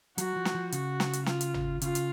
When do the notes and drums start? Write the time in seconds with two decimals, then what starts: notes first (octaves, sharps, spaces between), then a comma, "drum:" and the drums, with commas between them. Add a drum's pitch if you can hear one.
0.18 F#3 F#4, drum: hi-hat
0.36 F3
0.45 drum: snare
0.54 F3
0.72 C#3 F#4, drum: hi-hat
1.00 drum: snare
1.13 drum: hi-hat
1.26 F4, drum: snare
1.41 drum: hi-hat
1.54 drum: tom
1.81 C#3 F4, drum: hi-hat
1.95 drum: hi-hat